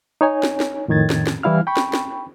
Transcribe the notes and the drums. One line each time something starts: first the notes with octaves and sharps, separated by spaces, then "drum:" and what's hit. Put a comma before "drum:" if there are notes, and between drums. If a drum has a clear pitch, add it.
D#4 C#5 G#5
drum: snare
drum: snare
F2 A2 D#3 G#6 A6
drum: snare
drum: snare
E3 G3 E4 F5 F6
G5 B5 C#6
drum: snare
drum: snare